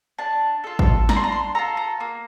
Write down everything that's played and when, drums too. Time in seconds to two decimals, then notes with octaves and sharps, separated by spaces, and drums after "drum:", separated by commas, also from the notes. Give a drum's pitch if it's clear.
0.19 D4 A5
0.64 F4 A4
0.79 drum: kick
1.09 D4 A#5, drum: snare
1.16 C6
1.24 A#5
1.32 C6
1.55 F4 A4 A#5
1.77 A#5
2.00 A#3